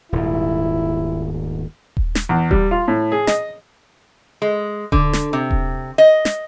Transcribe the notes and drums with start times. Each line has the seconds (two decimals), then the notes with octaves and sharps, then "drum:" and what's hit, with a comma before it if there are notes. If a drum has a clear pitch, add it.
0.13 D#1 G#2 E4
1.97 drum: kick D#1
2.15 drum: snare
2.29 E2
2.51 G3, drum: kick D#1
2.71 F4
2.88 A2
3.12 G#4
3.27 D#5, drum: snare
4.42 G#3
4.92 D3, drum: kick D#1
5.13 drum: snare
5.33 C3
5.51 drum: kick D#1
5.98 D#5
6.25 drum: snare